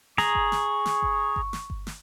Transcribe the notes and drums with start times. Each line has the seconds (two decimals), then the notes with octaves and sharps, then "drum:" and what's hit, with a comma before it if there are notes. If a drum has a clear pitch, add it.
0.18 G#4 A#5 C#6, drum: snare
0.35 drum: kick G1
0.52 drum: snare
0.86 drum: snare
1.02 drum: kick G1
1.36 drum: kick G1
1.53 drum: snare
1.70 drum: kick G1
1.87 drum: snare